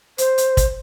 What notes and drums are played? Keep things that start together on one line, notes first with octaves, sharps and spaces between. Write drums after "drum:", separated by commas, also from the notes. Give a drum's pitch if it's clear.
C5, drum: hi-hat
drum: hi-hat
drum: kick, hi-hat